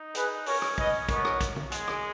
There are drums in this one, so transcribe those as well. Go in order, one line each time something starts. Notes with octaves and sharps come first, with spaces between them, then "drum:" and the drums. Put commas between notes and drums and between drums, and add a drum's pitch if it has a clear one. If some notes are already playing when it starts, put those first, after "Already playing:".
Already playing: D#4
G#4 B4, drum: hi-hat
C#4 A#4 C#5, drum: open hi-hat
drum: rim click
B4 D#5, drum: kick
B3 A#4 C#5, drum: kick, hi-hat
drum: rim click
drum: kick, hi-hat
drum: tom
G#3, drum: hi-hat
drum: rim click